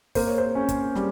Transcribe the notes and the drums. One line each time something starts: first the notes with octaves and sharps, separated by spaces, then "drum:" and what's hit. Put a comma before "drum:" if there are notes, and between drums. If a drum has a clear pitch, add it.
A#3 C5, drum: kick, open hi-hat
C#5
C5
C#4
drum: kick, hi-hat
G3, drum: snare